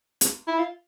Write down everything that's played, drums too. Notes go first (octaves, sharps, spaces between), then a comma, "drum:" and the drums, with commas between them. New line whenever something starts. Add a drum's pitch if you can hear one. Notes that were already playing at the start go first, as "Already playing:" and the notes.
drum: hi-hat
E4
F4